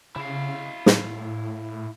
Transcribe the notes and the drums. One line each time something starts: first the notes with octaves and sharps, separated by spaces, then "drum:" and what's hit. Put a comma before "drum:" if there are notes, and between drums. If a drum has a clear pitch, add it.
C#3 E4 F5
A2, drum: snare